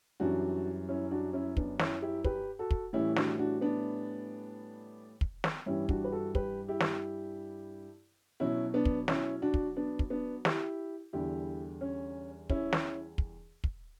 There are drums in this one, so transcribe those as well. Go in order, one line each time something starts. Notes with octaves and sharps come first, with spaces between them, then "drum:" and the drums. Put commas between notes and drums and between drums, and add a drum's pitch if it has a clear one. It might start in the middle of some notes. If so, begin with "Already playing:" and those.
F#2 E3 G3 D4 F#4
C#4 E4
D4 F#4
C#4 E4
B3 D4, drum: kick
C#4 E4, drum: snare
E4 G4
G4 B4, drum: kick
F#4 A4
drum: kick
A2 E3 G3 C#4 E4
D4 F#4, drum: snare
D4 F#4
B3 D4
drum: kick
drum: snare
G2 E3 G3 C#4 E4
D4 F#4, drum: kick
B4
F#4 A4
G4 B4, drum: kick
E4 G4
drum: snare
B2 F#3 C#4 E4
B3 D4
drum: kick
C#4 E4, drum: snare
D4 F#4
drum: kick
B3 D4
drum: kick
B3 D4
E4 G4, drum: snare
E2 D3 G3 E4 G4
C#4
C#4 E4, drum: kick
drum: snare
drum: kick
drum: kick